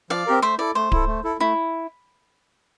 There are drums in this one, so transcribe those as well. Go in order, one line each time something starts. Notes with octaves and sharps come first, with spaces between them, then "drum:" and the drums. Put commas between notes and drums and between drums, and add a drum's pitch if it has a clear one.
F3 D5 F5
C4 G4 A#4
A3 C5 E5
E4 A4 D5
A3 C5
E4 A4, drum: kick D1
A3
E4 A4
A3 E4